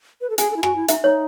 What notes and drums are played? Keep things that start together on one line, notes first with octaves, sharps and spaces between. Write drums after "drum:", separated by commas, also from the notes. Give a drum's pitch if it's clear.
B4
A4
G#4 G#5, drum: hi-hat
A4
E4
F#4 G#5, drum: rim click
E4
D#4 E5, drum: hi-hat
D#4 C#5